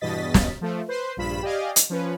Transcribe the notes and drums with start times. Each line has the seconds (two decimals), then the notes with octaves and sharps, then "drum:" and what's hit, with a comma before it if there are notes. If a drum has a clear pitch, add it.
0.01 E2 G2 B2 D#5 A6 B6
0.34 drum: snare
0.61 F3 A3
0.88 B4 C5 C6
1.17 A#1 G2 F4 B5 B6 E7
1.42 G4 D5 D#5 F5 G#5
1.76 drum: hi-hat
1.90 F3 C#4 B4